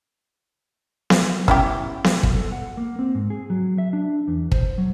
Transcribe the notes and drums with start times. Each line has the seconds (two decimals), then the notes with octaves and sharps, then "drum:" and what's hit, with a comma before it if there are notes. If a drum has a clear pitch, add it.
1.10 drum: snare B3
1.48 C#4 E4 G4, drum: kick
2.04 drum: snare B3
2.23 drum: kick
2.36 A4
2.52 F#5
2.77 A#3
2.99 C4
3.15 G#2
3.30 G#4
3.50 F#3
3.78 E5
3.93 D4
4.28 E2
4.52 C5, drum: kick
4.78 F#3